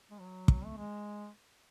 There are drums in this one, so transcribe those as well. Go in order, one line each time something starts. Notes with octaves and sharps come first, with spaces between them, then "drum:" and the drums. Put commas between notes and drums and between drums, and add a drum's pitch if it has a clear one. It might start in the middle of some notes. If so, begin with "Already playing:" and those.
G#3
F#3
drum: kick
A3
G#3